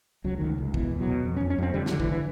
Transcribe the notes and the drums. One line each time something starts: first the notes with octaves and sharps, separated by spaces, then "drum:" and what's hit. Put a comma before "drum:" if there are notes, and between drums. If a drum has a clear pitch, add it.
C#2 F#3
C#2 D#3
C#2
B2 E3, drum: kick A1
E2
F#3
B2
F2
F2 C#4
C#4
F2 C4
D3 G3
D3 F#3, drum: snare
E3, drum: kick A1
E3